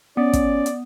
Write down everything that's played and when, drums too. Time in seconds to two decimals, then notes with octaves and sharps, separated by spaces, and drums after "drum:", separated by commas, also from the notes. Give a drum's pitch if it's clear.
0.17 B3 C#4 D5
0.33 drum: kick, hi-hat
0.66 drum: hi-hat